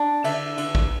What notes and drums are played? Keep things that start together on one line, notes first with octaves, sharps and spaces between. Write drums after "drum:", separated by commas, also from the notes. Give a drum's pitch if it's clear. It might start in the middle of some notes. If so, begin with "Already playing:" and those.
Already playing: D4
D3 E5, drum: cymbal
D3, drum: cymbal
drum: kick A1